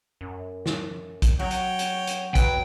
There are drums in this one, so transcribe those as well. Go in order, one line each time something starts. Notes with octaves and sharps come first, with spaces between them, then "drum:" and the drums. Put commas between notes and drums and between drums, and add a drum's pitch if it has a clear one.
F#2
drum: snare
drum: kick, hi-hat
F#3 F#4 C#5 G5
drum: hi-hat
drum: hi-hat
drum: hi-hat
E2 F#3 B4 G5, drum: kick, hi-hat